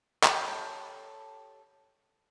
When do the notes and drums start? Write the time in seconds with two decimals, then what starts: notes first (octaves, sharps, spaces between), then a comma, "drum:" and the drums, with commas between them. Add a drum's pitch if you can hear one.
0.23 G4 A4 C#5 B5, drum: clap